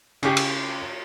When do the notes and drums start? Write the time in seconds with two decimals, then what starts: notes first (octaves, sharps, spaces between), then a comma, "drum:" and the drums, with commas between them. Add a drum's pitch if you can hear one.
0.23 C#3 G4, drum: cymbal
0.37 drum: cymbal